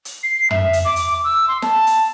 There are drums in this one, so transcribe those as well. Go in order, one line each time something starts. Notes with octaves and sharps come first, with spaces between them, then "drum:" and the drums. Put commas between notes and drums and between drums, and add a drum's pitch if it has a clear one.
drum: hi-hat
C7
E5, drum: tom
drum: hi-hat
D6
drum: hi-hat
E6
C6
A5, drum: snare
drum: hi-hat